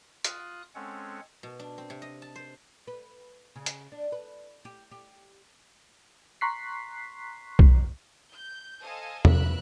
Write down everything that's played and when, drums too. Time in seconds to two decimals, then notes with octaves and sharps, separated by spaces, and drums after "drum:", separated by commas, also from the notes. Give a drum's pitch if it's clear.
0.24 F4 D#6 F#6, drum: hi-hat
0.75 G#3 C4 C#4 A4 C#5 F#5
1.43 B2
1.59 D4
1.78 C4
1.90 C3
2.02 D#5
2.22 A5
2.36 C5
2.87 B4
3.56 C#3
3.66 drum: hi-hat
3.92 D4
4.12 B4
4.65 G4
4.91 G4
6.41 A#5 C6 C#6 F#6 B6 C7
7.59 drum: kick B1
8.31 G6
8.82 A4 C5 D#5 F5 G#5 A5
9.25 A#4 B4 E5 B5 F#6, drum: tom E2